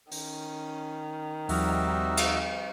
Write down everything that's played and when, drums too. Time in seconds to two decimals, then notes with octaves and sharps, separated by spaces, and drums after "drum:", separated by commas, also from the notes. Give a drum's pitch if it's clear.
0.12 D#3 C#4, drum: open hi-hat
1.49 D#2 F3 G3 C4 D#4 F#4 E5 F6, drum: open hi-hat
2.17 drum: cymbal